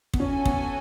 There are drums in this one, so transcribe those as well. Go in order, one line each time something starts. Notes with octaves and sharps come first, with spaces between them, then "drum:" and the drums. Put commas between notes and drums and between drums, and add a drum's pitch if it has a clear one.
B3, drum: kick
C#4 F#4 A4 C#5 G#5
B3, drum: kick